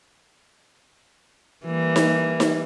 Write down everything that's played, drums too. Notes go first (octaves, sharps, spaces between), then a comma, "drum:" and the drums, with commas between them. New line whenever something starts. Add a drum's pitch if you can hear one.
E3 G3 A#3
drum: snare D#4
drum: snare D#4